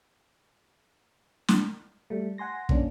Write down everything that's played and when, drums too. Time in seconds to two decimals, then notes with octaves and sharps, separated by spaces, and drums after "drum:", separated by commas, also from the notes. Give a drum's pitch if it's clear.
1.48 drum: snare
2.10 G3 A3
2.38 F#5 G#5 C6 A#6
2.69 F#2 A#3 C#4 D4, drum: kick